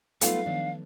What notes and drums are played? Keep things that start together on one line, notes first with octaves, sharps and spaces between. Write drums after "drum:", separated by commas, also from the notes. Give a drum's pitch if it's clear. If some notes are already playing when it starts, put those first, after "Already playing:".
F#3 G3 A3 B3 D#4 F4 F5, drum: hi-hat
D#3 F3 B3 D4